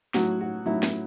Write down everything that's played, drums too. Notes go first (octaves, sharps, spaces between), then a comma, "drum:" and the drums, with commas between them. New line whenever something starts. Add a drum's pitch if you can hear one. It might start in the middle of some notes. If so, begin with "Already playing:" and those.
A2 F#3 F#4, drum: snare
F#4
A2 F#3 E4
drum: snare